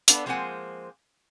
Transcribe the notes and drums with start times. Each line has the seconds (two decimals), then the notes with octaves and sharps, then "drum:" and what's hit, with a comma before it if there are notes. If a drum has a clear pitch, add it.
0.08 B3 D4 A4 F5, drum: hi-hat
0.26 F3 G#3 A#3 C4 F#5 G#5